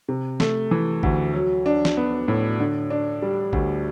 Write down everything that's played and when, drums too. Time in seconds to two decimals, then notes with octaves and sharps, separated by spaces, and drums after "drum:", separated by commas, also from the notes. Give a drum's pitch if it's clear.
0.08 C3
0.40 A3, drum: snare
0.71 E3
1.03 D2, drum: kick
1.34 F#3
1.66 D4
1.85 drum: snare
1.97 B3
2.28 A2
2.60 D3
2.90 D4
3.22 G3
3.53 D2, drum: kick